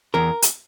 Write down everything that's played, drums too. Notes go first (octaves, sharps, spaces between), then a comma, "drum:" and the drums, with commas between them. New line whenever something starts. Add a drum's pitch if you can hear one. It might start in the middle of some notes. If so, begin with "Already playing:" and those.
E2 A#4
drum: hi-hat